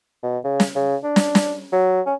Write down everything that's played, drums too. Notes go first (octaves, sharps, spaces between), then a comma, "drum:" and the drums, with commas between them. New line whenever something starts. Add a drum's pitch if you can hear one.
B2
C#3
drum: snare
C#3
D4
drum: snare
drum: snare
F#3
C#4